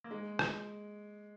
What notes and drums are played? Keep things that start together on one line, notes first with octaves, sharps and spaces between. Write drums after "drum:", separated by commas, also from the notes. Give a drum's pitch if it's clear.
A#3
G#3
drum: rim click